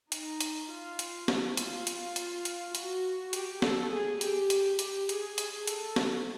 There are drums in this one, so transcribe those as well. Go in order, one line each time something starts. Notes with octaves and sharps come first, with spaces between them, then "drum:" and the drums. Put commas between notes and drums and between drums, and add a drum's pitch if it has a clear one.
D#4, drum: hi-hat
drum: hi-hat
F4
drum: hi-hat
E4, drum: snare
F4, drum: hi-hat
drum: hi-hat
drum: hi-hat
drum: hi-hat
F#4, drum: hi-hat
G4, drum: hi-hat
A4, drum: snare
G#4
G4, drum: hi-hat
drum: hi-hat
G4, drum: hi-hat
G#4, drum: hi-hat
drum: hi-hat
A4, drum: hi-hat
drum: snare